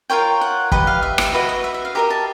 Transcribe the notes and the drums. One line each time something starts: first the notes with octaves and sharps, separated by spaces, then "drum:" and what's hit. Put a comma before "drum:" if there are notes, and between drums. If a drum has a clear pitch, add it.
F4 A#4 C#5 G5
F#5
G4 B4 D#5 F#5, drum: kick
F5
E5
drum: rim click
F#4 B4 D#5 E5
D#5
E5
E5
F5
G4 A#4 D#5 A#5
A5